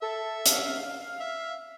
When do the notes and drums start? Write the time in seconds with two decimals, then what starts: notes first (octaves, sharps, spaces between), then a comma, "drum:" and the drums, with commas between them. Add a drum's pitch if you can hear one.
0.02 A4 E5
0.46 F5, drum: hi-hat
1.20 E5